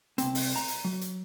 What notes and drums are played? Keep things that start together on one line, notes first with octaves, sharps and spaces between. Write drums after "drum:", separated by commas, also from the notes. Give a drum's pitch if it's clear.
C2 C4, drum: hi-hat
drum: open hi-hat
A#5
drum: hi-hat
F#3
drum: hi-hat